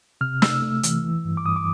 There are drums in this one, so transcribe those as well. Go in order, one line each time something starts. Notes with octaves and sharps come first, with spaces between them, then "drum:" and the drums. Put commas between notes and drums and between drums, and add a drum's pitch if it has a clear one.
C3 F6
A3 E6, drum: snare
A3
E3, drum: hi-hat
E3
G2
D6
G2 D#6
D6